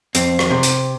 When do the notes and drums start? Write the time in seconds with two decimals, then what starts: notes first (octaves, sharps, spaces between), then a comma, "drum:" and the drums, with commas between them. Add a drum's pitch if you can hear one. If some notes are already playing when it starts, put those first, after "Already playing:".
0.15 F2 C4, drum: hi-hat
0.39 drum: rim click
0.51 C3
0.63 drum: hi-hat